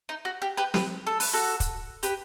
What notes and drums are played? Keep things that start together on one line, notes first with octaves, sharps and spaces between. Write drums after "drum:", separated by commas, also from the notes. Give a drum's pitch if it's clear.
D#4
F#4
G4
G4 B4
G4 B4, drum: snare
A4
B4, drum: open hi-hat
F#4 A4
drum: kick, hi-hat
G4 B4, drum: hi-hat